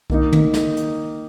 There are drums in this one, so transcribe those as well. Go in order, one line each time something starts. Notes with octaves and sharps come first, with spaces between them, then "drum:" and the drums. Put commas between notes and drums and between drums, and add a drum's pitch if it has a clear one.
D#3 A#3 D#4, drum: kick B1
drum: tom
drum: snare
drum: hi-hat